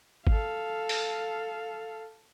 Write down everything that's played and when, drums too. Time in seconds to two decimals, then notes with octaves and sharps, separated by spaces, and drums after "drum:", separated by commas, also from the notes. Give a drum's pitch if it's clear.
0.27 A4 F5, drum: kick G#1
0.89 drum: open hi-hat